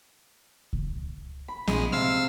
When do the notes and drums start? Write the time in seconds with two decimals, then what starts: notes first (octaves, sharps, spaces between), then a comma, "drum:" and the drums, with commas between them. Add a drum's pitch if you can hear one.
0.73 drum: kick C#2
1.48 B5
1.67 A#1 G#3, drum: snare C4
1.92 C3 F5 E6 F6